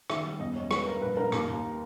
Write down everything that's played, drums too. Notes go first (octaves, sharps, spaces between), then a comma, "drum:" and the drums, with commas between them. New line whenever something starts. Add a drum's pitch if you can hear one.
D#3 E5, drum: rim click
G3
E2 D#5
E2 C#5
G#3 B4, drum: rim click
G2 A#4
A#1 B4
A#1 A#4
D#2, drum: rim click
D#2